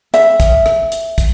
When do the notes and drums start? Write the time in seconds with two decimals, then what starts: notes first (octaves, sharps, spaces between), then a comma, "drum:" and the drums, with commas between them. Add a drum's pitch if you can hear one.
0.14 E5, drum: hi-hat
0.40 drum: kick, hi-hat
0.66 drum: rim click
0.92 drum: hi-hat
1.18 drum: kick, hi-hat